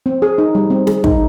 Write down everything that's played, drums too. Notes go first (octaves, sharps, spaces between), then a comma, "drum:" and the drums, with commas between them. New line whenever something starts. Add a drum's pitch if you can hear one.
C4
G#4
D#4
G3
C4
G#4, drum: snare
D#4, drum: kick